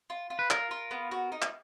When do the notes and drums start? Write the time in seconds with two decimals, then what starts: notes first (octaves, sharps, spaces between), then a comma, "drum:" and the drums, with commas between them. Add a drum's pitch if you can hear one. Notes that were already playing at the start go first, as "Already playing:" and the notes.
0.10 F4
0.30 F4
0.39 B4
0.50 F4 A#4, drum: clap
0.71 F4
0.91 B3
1.11 F#4
1.32 D#4
1.42 drum: clap